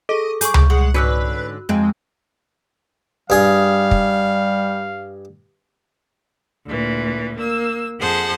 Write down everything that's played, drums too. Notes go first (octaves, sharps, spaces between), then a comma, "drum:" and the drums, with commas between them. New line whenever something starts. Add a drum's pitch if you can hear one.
G#4 A4 D#5
G#4 C#6 D6 G6, drum: hi-hat
drum: tom C#2
G#3 F#5
G#2 D3 C#4 F#4 B4 E6 F#6
F2 G#3 C4
G2 G3 G#4 F5 D#6
drum: kick
D2 A#2 E3
A#3 E6
F2 G#4 C5 F#5 A5